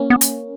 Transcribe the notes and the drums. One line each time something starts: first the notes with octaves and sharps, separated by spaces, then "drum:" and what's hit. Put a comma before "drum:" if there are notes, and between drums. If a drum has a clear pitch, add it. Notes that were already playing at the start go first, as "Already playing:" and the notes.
Already playing: A#3 C#4
B3
drum: hi-hat